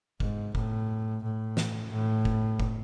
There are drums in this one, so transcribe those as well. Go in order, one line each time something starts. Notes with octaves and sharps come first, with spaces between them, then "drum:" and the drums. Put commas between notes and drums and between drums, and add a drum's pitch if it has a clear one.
G#2, drum: kick F#1
A2, drum: kick F#1
A2
drum: snare
A2
drum: kick F#1
drum: kick F#1